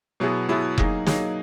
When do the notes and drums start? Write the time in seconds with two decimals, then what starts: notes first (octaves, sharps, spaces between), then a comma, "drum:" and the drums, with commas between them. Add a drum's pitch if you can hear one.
0.20 B2 F#3 B3 E4 G#4
0.48 B2 F#3 B3 E4 G#4
0.78 F#3 A#3 D#4 G#4, drum: kick F1
1.06 F#3 A#3 D#4 G#4, drum: snare